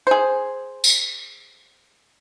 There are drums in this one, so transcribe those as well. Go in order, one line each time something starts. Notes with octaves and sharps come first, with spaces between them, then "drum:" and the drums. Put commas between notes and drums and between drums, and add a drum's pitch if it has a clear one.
G#4 C5
drum: tambourine